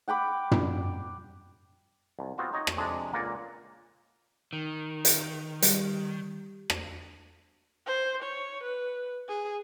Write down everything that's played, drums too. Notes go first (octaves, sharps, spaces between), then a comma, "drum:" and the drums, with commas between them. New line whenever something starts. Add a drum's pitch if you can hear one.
F#5 G5 B5 D6
drum: tom
C2
B3 C4 F4 F#4
D#4 C#5 D#5
drum: rim click
F2 C3 G#3 D4
C#2 A#2 A#3 D5 F#5 G#5
D#3
drum: hi-hat
G3, drum: hi-hat
drum: rim click
C5
C#5
B4
G#4